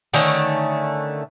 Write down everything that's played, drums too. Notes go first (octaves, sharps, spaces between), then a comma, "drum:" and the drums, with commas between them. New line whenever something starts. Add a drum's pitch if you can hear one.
D3 D#3 A3 C#4, drum: open hi-hat